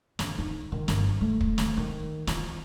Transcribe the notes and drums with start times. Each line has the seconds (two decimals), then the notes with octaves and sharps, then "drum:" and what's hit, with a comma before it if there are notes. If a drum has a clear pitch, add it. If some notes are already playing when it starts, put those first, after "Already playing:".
0.19 D3, drum: snare
0.38 D#4
0.72 D#3
0.88 G1, drum: snare
1.21 A3
1.41 drum: kick
1.58 drum: snare
1.77 D#3
2.27 F4, drum: snare